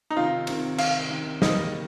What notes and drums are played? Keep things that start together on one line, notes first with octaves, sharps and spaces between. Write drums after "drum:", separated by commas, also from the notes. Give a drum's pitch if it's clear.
D#4
C3 D#3 C4 F4
C3 D#3 C4, drum: cymbal
C3 D#3 C4 F5, drum: cymbal
C3 D#3 C4
D#3 G3 A#3 D#5, drum: snare